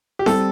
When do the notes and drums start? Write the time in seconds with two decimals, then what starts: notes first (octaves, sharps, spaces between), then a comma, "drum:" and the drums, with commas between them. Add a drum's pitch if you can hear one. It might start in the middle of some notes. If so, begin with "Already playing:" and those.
0.19 G4
0.26 G3 C4 A4, drum: snare E4